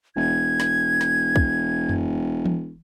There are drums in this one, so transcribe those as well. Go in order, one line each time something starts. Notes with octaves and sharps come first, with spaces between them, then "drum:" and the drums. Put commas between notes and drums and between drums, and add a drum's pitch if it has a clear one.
E1 G#6
drum: snare
drum: snare
drum: kick
drum: tom F#2
drum: tom E3